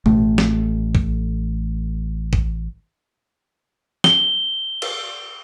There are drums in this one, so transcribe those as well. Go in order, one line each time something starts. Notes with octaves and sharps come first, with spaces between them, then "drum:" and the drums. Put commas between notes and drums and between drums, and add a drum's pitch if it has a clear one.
A1 A3, drum: tom B2
drum: snare
drum: kick
drum: kick
G7, drum: snare
drum: cymbal